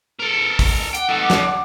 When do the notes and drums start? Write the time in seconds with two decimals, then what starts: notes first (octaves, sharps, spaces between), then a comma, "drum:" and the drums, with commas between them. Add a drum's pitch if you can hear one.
0.19 A4 A#4
0.59 drum: kick, open hi-hat
0.94 F#5 G5 D6, drum: hi-hat
1.10 D#4 A4
1.30 drum: snare